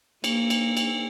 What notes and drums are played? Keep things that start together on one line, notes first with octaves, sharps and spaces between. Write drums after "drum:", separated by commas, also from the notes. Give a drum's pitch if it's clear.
A#3, drum: cymbal
drum: cymbal
drum: cymbal